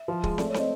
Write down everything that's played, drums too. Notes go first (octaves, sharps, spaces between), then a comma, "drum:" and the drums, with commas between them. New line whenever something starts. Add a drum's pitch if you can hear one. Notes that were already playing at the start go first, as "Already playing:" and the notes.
Already playing: E5
F3
G#3, drum: kick
A3 D5, drum: snare
C#5
C4, drum: snare
D#5